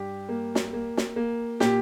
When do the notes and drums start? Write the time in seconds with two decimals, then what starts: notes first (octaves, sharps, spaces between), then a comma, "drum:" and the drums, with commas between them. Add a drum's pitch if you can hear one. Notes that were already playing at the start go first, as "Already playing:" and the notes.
Already playing: G2 G4
0.29 A#3
0.55 drum: snare
0.73 A#3
0.97 drum: snare
1.16 A#3
1.60 A#2 G4, drum: snare